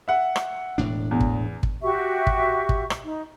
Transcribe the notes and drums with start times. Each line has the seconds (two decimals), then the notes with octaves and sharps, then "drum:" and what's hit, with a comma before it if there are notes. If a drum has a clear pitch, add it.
0.08 E5 F#5
0.36 drum: rim click
0.78 E1 A2 D4
1.11 E2
1.20 drum: kick
1.63 drum: kick
1.82 F#4 G4 E5 C#6
2.27 drum: kick
2.69 drum: kick
2.90 drum: rim click
3.04 D#4